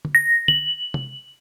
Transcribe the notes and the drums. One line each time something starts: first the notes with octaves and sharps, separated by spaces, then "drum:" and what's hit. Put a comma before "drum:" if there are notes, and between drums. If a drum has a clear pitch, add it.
drum: tom
A#6
F#7, drum: tom
drum: tom